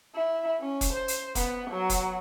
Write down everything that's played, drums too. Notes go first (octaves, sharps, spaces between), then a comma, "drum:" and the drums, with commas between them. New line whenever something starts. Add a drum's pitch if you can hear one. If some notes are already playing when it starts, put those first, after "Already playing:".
E4
C#4
drum: kick F1, hi-hat
C5
drum: hi-hat
B3, drum: kick F1, hi-hat
F#3
drum: kick F1, hi-hat